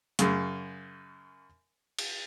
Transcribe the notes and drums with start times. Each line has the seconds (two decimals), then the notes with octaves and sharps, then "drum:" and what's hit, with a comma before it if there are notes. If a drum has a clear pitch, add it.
0.19 F#2 C#3, drum: hi-hat
1.99 drum: cymbal